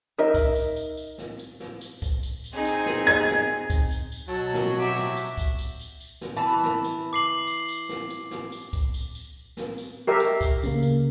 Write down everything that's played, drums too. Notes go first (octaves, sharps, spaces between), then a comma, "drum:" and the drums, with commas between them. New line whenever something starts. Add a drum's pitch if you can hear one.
D#4 A#4 D#5 E5
drum: kick, tambourine
drum: tambourine
drum: tambourine
drum: tambourine
drum: snare
drum: tambourine
drum: snare
drum: tambourine
drum: kick, tambourine
drum: tambourine
drum: tambourine
C4 D#4 G#4
drum: tambourine
drum: snare
G#6, drum: tambourine
drum: snare
drum: kick, tambourine
drum: tambourine
drum: tambourine
B2 F#3 F#4 A5
drum: snare
F#4 G4 E5 D6
drum: snare
drum: tambourine
drum: kick, tambourine
drum: tambourine
drum: tambourine
drum: tambourine
drum: snare
E3 A5
drum: snare
drum: tambourine
D6 C7 F#7
drum: tambourine
drum: tambourine
drum: snare
drum: tambourine
drum: snare
drum: tambourine
drum: kick, tambourine
drum: tambourine
drum: tambourine
drum: snare
drum: tambourine
G4 A#4 E5 C7
drum: tambourine
drum: kick, tambourine
C#3 A#3, drum: tambourine
drum: tambourine